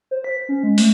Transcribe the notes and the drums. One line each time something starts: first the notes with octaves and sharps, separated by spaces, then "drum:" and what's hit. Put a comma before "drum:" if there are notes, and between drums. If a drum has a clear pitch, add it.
C5
B6
C#4
G#3
A3, drum: open hi-hat